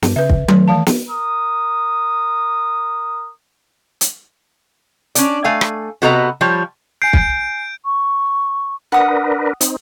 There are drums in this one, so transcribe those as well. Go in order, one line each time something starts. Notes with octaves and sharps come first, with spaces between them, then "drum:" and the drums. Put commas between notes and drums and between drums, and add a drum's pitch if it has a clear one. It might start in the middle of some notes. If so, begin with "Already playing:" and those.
G2, drum: snare
C#3 B4 E5
drum: kick
D#3 A3, drum: tom F#3
E3 F5 A5
drum: snare
A#4 D#6
drum: hi-hat
C#4 D4 D5, drum: hi-hat
A3 F5 G#5
drum: rim click
C3 B3 F#4 A4 D#5 A#5
F3 G3 C#5
G#5 G6 C7 D7
drum: kick
C#6
D4 A#4 B4 F#5 D#6
C4 D#4, drum: hi-hat